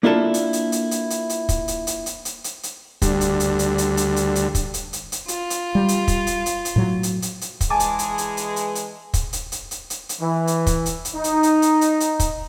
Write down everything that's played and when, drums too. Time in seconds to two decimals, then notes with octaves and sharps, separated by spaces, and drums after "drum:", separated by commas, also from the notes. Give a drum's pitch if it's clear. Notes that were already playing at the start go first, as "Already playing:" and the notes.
0.03 A#3 D4 E4 F4 A4 A5
0.34 drum: hi-hat
0.53 drum: hi-hat
0.72 drum: hi-hat
0.91 drum: hi-hat
1.10 drum: hi-hat
1.30 drum: hi-hat
1.49 drum: kick, hi-hat
1.68 drum: hi-hat
1.87 drum: hi-hat
2.06 drum: hi-hat
2.25 drum: hi-hat
2.44 drum: hi-hat
2.63 drum: hi-hat
3.02 D2 G3, drum: kick, hi-hat
3.21 drum: hi-hat
3.40 drum: hi-hat
3.59 drum: hi-hat
3.78 drum: hi-hat
3.97 drum: hi-hat
4.16 drum: hi-hat
4.35 drum: hi-hat
4.55 drum: kick, hi-hat
4.74 drum: hi-hat
4.93 drum: hi-hat
5.12 drum: hi-hat
5.28 F4, drum: hi-hat
5.50 drum: hi-hat
5.75 G3
5.88 drum: hi-hat
6.08 drum: kick, hi-hat
6.27 drum: hi-hat
6.46 drum: hi-hat
6.65 drum: hi-hat
6.76 A2 F#3
7.03 drum: hi-hat
7.22 drum: hi-hat
7.41 drum: hi-hat
7.61 drum: kick, hi-hat
7.70 E3 G#3 G#4 G#5 A5 D6
7.80 drum: hi-hat
7.99 drum: hi-hat
8.18 drum: hi-hat
8.37 drum: hi-hat
8.56 drum: hi-hat
8.75 drum: hi-hat
9.14 drum: kick, hi-hat
9.33 drum: hi-hat
9.52 drum: hi-hat
9.71 drum: hi-hat
9.90 drum: hi-hat
10.09 drum: hi-hat
10.20 E3
10.47 drum: hi-hat
10.67 drum: kick, hi-hat
10.86 drum: hi-hat
11.05 drum: hi-hat
11.14 D#4
11.24 drum: hi-hat
11.43 drum: hi-hat
11.62 drum: hi-hat
11.81 drum: hi-hat
12.00 drum: hi-hat
12.20 drum: kick, hi-hat